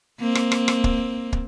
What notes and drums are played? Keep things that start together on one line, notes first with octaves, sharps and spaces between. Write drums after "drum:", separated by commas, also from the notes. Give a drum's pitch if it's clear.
A#3 C4
drum: rim click
drum: rim click
drum: rim click
drum: kick
drum: kick